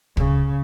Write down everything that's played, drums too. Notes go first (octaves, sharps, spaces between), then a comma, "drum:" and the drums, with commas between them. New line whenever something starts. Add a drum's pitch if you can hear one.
C#3, drum: kick